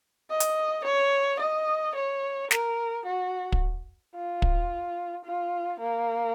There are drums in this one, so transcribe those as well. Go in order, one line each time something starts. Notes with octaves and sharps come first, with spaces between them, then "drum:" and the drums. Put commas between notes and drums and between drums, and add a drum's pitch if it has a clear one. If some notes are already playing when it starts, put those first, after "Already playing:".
D#5
drum: hi-hat
C#5
D#5
C#5
A#4, drum: snare
F#4
drum: kick
F4
drum: kick
F4
A#3